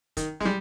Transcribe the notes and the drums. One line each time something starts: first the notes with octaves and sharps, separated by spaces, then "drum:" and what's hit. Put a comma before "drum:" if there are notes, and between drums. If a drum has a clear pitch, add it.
D#3, drum: kick, hi-hat
G#3, drum: snare
G3